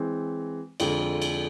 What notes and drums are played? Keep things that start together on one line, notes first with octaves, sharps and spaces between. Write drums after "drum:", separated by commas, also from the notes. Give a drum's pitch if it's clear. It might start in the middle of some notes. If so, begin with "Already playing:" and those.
Already playing: E3 G#3 C4
F2 D3 F3 G#3, drum: cymbal
drum: cymbal